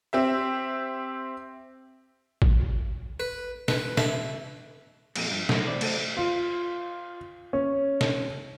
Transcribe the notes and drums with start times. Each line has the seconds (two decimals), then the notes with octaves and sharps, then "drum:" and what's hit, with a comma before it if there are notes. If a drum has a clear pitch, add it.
0.13 C4 G4 E5
2.42 drum: kick
3.20 B4
3.68 B4, drum: snare
3.97 E5, drum: snare
5.16 F2 A#2 G#3, drum: cymbal
5.30 G2 F3
5.49 F#3 A3 D#4 E4 A4 C#5, drum: snare
5.67 D#3 C5 D5 B5
5.81 A3 A4 C5 D#5, drum: cymbal
6.17 F4
7.53 C#4
8.01 drum: snare